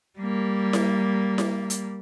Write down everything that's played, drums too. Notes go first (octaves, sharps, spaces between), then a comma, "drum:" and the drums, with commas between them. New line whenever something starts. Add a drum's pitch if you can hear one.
G3 A#3
drum: snare E4
drum: snare E4
drum: hi-hat